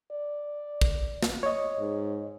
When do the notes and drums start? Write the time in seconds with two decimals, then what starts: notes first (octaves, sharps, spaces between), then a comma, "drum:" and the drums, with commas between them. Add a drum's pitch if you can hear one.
0.11 D5
0.81 drum: kick
1.23 drum: snare
1.43 C#5 D#5
1.79 G#2